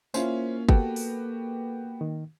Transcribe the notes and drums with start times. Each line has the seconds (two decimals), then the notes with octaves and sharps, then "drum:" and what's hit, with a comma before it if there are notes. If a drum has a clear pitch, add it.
0.14 A#3 C#4 E4 F4 C5, drum: tambourine
0.69 B3 F#4 G4 A4, drum: kick G1
0.96 drum: open hi-hat
2.01 D#3